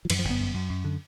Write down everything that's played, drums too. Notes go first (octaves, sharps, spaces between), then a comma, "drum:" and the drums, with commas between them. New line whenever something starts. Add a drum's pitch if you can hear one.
F3
F#2 E3, drum: cymbal
F3
G1
B3
F#2
F#2
F#2
D3